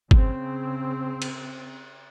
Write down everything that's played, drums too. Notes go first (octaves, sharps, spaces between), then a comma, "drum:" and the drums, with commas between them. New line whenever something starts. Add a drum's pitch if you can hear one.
C#3 C4, drum: kick G1
drum: cymbal